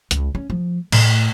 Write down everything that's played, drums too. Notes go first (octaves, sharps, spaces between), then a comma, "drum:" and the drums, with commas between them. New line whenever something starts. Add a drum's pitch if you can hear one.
C#2, drum: hi-hat
C#4
F3
A2, drum: cymbal